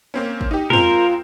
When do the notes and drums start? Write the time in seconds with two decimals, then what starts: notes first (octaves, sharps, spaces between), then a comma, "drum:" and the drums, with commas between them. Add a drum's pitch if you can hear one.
0.14 A#3 C4 C#4
0.41 drum: kick
0.51 D#4 G4
0.70 G#3 C4 F4 A#4, drum: tom